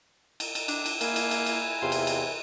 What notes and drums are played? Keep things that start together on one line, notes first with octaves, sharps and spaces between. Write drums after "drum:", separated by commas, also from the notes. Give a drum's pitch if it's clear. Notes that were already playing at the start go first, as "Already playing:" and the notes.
drum: cymbal
drum: cymbal
D4, drum: cymbal
drum: cymbal
A#3 E4 G#5, drum: cymbal
drum: cymbal
drum: cymbal
drum: cymbal
E2 C3 F4
drum: cymbal
drum: cymbal